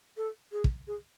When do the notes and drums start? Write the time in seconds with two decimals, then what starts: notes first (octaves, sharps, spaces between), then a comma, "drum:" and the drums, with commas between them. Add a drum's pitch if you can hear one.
0.17 A4
0.52 G#4
0.64 drum: kick
0.87 G#4